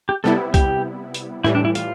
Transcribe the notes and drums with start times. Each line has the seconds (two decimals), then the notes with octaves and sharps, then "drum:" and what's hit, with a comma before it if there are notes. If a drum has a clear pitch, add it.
0.09 G4
0.24 C3 G3 B3 E4 A4
0.54 G4, drum: kick, hi-hat
1.14 drum: hi-hat
1.44 A2 E3 G3 E4
1.55 D4
1.65 E4
1.75 F4, drum: hi-hat